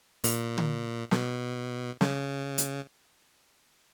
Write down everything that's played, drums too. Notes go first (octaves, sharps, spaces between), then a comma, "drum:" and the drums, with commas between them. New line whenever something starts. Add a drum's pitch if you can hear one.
A#2, drum: open hi-hat
drum: tom D3
B2, drum: snare
C#3, drum: snare
drum: hi-hat